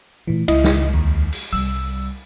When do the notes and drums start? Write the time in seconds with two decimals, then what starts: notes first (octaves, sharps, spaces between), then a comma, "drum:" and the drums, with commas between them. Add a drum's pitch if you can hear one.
0.27 A#2 E3 A3
0.48 C#2 E4 D#5, drum: cymbal
0.64 drum: snare
0.94 D#2
1.33 drum: open hi-hat
1.53 C2 G3 E6